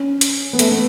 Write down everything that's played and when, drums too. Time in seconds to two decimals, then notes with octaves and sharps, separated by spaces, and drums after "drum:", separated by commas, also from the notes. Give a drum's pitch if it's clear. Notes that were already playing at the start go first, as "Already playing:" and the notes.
Already playing: C#4
0.21 drum: hi-hat
0.53 B3
0.59 A3, drum: hi-hat
0.71 B3